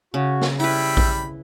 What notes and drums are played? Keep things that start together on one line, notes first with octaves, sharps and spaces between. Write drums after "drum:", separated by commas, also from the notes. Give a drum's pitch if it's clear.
C#3 F#4
drum: snare
G3 E4 B4 E5 G5 B5
drum: kick A#1